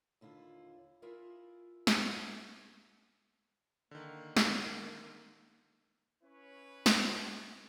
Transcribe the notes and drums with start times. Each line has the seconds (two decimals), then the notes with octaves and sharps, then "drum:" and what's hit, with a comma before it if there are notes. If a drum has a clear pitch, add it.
0.21 D#2 D3 E4 F4
1.02 E4 F4 G#4 A#4 E5
1.87 drum: snare
3.91 D3 D#3 A#3
4.37 drum: snare
6.24 C#4 E4 B4 C#5
6.86 drum: snare